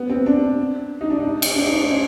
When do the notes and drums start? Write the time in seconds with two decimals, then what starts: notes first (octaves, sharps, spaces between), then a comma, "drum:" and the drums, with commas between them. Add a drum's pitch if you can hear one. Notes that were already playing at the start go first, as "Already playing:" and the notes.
Already playing: B3
0.10 C4
0.26 D4
1.01 D#4
1.10 D4
1.20 D#4
1.42 drum: cymbal
1.55 D4
1.66 D#4
1.76 D4
1.88 C#4